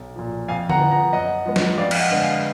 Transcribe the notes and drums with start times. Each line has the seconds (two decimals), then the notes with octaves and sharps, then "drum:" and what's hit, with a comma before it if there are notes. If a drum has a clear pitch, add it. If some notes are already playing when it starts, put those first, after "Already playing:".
Already playing: B1
0.16 A#2 F3
0.48 F2 F5 G#5
0.69 F#5 A#5, drum: tom D3
0.81 F3 B3
0.91 F#5 A#5
1.13 F#2 D#5 F#5
1.46 F3 G#3 B3
1.56 drum: snare
1.78 F2 D5 F5
1.91 F5, drum: cymbal
2.00 D#5 F#5
2.11 D3 G#3 B3
2.21 F5 G#5